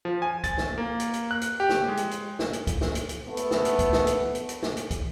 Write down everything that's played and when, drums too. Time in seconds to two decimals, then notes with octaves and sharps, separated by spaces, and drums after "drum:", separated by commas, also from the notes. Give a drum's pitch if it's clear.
0.05 F3
0.22 G#5
0.44 A6, drum: kick, hi-hat
0.58 drum: snare
0.78 A#3
1.00 drum: hi-hat
1.14 drum: hi-hat
1.31 F#6
1.41 drum: hi-hat
1.60 G4
1.69 drum: snare
1.88 G#3
1.97 drum: hi-hat
2.11 drum: hi-hat
2.39 drum: snare
2.53 drum: hi-hat
2.67 drum: kick, hi-hat
2.81 drum: snare
2.95 drum: hi-hat
3.09 drum: hi-hat
3.27 A3 B3
3.37 drum: hi-hat
3.51 drum: snare
3.65 drum: hi-hat
3.79 drum: kick, hi-hat
3.93 drum: snare
4.07 drum: hi-hat
4.35 drum: hi-hat
4.49 drum: hi-hat
4.63 drum: snare
4.77 drum: hi-hat
4.91 drum: kick, hi-hat